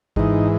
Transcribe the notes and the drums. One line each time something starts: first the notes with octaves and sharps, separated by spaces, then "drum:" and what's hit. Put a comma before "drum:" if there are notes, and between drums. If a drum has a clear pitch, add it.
G#2 E3 D#4, drum: kick G#1